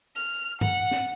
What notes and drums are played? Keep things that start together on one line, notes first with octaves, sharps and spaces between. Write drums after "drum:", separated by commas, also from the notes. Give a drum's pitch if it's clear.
F6
F#5, drum: tom G2
drum: snare